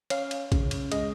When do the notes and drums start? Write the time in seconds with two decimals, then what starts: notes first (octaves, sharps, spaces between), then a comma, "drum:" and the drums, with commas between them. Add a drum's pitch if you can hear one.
0.10 C#4 F5, drum: cymbal
0.31 drum: cymbal
0.52 C#3, drum: kick, cymbal
0.71 drum: cymbal
0.92 G#3 D#5, drum: cymbal